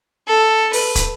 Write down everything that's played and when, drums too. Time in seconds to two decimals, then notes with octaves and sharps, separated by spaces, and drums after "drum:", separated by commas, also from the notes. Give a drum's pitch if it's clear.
0.27 A4
0.73 B4, drum: open hi-hat
0.95 drum: kick, hi-hat